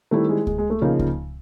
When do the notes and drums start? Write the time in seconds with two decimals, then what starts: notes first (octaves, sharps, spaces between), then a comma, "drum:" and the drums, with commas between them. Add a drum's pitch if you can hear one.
0.11 D#3 G3 A3 C4 E4
0.29 G#3
0.47 G#3, drum: kick C#2
0.58 G#3
0.70 A3
0.81 C#3 F3 A#3 D#4
0.99 drum: kick C#2